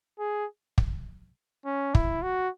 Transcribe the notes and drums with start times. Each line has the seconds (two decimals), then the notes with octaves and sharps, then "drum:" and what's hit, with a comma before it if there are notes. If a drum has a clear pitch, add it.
0.19 G#4
0.78 drum: kick
1.66 C#4
1.95 E4, drum: kick
2.22 F#4